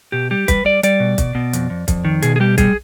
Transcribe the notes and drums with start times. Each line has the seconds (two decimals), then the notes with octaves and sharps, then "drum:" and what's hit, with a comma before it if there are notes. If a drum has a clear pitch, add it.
0.12 B2 G4
0.31 G3 G4
0.48 G3 B4, drum: kick, hi-hat
0.65 G3 D5
0.83 G3 D5, drum: hi-hat
1.00 B2
1.18 B2, drum: kick, hi-hat
1.35 B2
1.53 F2, drum: hi-hat
1.70 F2
1.88 F2, drum: kick, hi-hat
2.05 D#3
2.22 B2 G#4, drum: hi-hat
2.36 G#4
2.40 G3 G4
2.58 G3 G#4, drum: kick, hi-hat